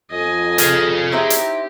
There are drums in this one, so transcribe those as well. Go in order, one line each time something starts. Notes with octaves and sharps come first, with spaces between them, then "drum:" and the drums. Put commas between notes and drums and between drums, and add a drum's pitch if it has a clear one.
F2 D#5 G#5
G#4 F5, drum: hi-hat
C4 D#4 E4 G4
drum: hi-hat